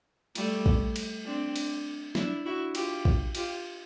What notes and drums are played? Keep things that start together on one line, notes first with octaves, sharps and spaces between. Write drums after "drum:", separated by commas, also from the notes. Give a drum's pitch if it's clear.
G3 A3, drum: cymbal
drum: kick
drum: cymbal
C4 D4
drum: cymbal
D4 E4, drum: snare
E4 F#4
F4 G4, drum: cymbal
drum: kick
F4 G4, drum: cymbal